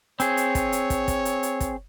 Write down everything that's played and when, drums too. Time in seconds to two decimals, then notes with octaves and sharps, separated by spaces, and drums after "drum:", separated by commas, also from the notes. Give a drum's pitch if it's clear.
0.20 C4 G#4 C#5, drum: hi-hat
0.37 drum: hi-hat
0.55 drum: kick, hi-hat
0.73 drum: hi-hat
0.90 drum: kick, hi-hat
1.08 drum: kick, hi-hat
1.25 drum: hi-hat
1.43 drum: hi-hat
1.60 drum: kick, hi-hat